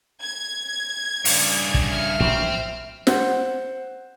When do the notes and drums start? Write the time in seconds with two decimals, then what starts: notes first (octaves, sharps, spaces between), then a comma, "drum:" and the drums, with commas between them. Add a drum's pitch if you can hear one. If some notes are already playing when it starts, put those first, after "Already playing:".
0.22 G#6
1.25 G2 C#3 D5, drum: open hi-hat
1.74 drum: kick
1.91 E5 F6
2.20 A#1 A2 F#3 C4
3.07 C5 F#5, drum: snare